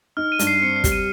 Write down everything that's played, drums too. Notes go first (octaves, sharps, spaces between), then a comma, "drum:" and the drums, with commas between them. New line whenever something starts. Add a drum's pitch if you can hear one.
D#4 F6
D#7
G2, drum: hi-hat
C7
C4 C#7
C7
G3, drum: kick, hi-hat
D#7